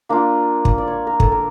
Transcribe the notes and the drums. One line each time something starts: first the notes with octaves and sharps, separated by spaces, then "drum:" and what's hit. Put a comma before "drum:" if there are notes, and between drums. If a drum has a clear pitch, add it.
A#3 D4 F4 A#4
drum: kick
D5
C#5
A#4
A4, drum: kick
A#4